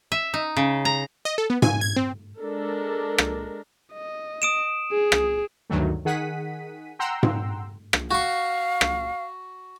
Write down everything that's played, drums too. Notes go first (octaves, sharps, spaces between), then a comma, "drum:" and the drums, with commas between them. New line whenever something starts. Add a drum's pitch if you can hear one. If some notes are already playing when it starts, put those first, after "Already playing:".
E5
D#4
C#3
A#5
D#5
A4
B3
G#5, drum: tom G#2
G#6
C4
G#3 D4 A4 A#4
drum: rim click
D#5
D#6 D7 E7
G#4
drum: rim click
D2 G2 D#3 F#3 A3
D#3 G#4 F#5 B6 D#7
F#5 G5 A#5 C6 E6
drum: tom G#2
drum: rim click
F#4 F5 C#6
drum: rim click